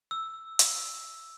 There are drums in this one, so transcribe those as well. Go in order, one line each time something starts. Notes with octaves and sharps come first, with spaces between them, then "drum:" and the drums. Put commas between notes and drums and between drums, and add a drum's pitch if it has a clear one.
E6
drum: hi-hat